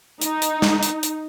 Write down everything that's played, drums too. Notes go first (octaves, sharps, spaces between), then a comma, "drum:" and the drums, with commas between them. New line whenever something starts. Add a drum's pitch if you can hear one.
D#4, drum: hi-hat
drum: hi-hat
drum: snare
drum: hi-hat
drum: hi-hat